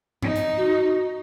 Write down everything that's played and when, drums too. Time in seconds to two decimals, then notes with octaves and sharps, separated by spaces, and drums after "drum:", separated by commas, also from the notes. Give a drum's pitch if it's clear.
0.22 D#4, drum: tom G2
0.36 drum: hi-hat
0.57 F#4